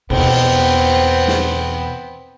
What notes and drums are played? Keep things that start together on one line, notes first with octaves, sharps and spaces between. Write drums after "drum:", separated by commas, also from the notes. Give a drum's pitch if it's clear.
E2 B2 B3 C4, drum: cymbal
drum: snare